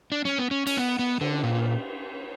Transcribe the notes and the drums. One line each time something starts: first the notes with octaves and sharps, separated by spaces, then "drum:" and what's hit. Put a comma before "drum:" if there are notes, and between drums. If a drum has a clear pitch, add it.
D4
C#4, drum: snare
B3
C#4
C#4, drum: cymbal
B3
B3
D3, drum: cymbal
A#2